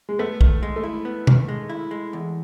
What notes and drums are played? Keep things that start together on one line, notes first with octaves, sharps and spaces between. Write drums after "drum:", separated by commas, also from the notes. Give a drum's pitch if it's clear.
G#3
A3 B3
D#3, drum: kick
G#3
A3
E4
B3
D#3, drum: tom B2
G#3
E4
G#3
E2